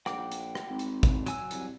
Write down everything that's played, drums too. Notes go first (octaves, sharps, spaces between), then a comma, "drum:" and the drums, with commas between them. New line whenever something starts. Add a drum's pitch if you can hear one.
A#1 F#5 G5 D6, drum: rim click
drum: hi-hat
drum: rim click
G#1
drum: hi-hat
drum: kick, hi-hat
F#3 G#5 E6, drum: hi-hat
C2, drum: hi-hat